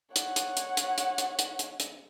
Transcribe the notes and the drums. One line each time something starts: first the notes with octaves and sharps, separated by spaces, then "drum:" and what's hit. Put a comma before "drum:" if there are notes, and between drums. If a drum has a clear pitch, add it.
C#5 F#5, drum: hi-hat
drum: hi-hat
drum: hi-hat
drum: hi-hat
drum: hi-hat
drum: hi-hat
drum: hi-hat
drum: hi-hat
drum: hi-hat